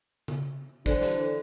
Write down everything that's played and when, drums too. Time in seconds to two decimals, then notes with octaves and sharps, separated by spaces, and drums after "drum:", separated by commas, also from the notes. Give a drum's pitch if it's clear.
0.28 drum: tom C#3
0.86 D3 E3 D4 C5, drum: kick
1.01 drum: snare